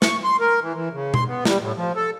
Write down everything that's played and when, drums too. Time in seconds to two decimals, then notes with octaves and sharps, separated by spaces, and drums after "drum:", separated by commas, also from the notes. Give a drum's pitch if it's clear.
0.02 C#6, drum: snare
0.24 C6
0.40 A#4
0.62 E3
0.74 E3
0.93 C#3
1.14 C6, drum: tom B2
1.28 B3
1.45 G3, drum: snare
1.62 A2
1.77 F3
1.96 A4